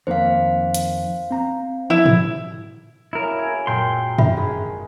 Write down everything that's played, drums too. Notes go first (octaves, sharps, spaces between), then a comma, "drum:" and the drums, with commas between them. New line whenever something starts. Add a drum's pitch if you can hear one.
F2 D#3 A#3 C5 F5
drum: hi-hat
C4 A#5
F3 E4
drum: tom G#2
F#2 A#3 E4 G#4 A#4
A4 G#5
F#2 A#2 G#3 A#4 G5 C6
E5 B5, drum: tom F#2
G#1 G#3 G#4 B6